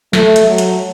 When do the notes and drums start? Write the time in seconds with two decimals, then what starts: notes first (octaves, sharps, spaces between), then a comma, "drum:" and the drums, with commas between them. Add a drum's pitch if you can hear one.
0.13 A3, drum: snare
0.36 drum: hi-hat
0.47 F#3
0.58 drum: hi-hat